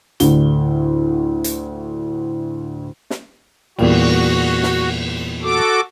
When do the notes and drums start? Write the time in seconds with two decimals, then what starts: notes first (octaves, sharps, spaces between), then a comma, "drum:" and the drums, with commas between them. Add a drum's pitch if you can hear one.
0.20 D2 A2 D3 G7, drum: hi-hat
1.44 drum: hi-hat
3.10 drum: snare
3.79 E2 A#2 G3 F#4, drum: cymbal
4.63 drum: snare
5.43 F#4 A4 D6